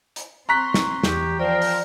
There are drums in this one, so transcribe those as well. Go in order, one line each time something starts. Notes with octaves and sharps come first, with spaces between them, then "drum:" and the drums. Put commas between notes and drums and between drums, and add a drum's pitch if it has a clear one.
drum: hi-hat
C4 A#5 C6 C#6 F#6 B6
drum: snare
E2 G4, drum: snare
F3 A#4 C5 D5 G5
drum: open hi-hat